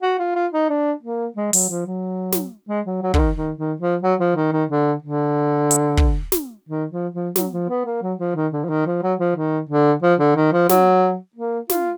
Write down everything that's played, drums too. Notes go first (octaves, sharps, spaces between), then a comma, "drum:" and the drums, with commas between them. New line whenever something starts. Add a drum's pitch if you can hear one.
F#4
F4
F4
D#4
D4
A#3
G#3
F#3, drum: open hi-hat
F3
F#3
drum: snare
G#3
F#3
F#3
D3, drum: kick
D#3
D#3
D#3
F3
F#3
F3
D#3
D#3
D3
D3
drum: hi-hat
drum: kick
drum: snare
D#3
F3
F3
F#3, drum: snare
F3
B3
A#3
F#3
F3
D#3
D3
F3
D#3
F3
F#3
F3
D#3
D3
F3
D3
D#3
F3
F#3, drum: snare
A#3
F4, drum: snare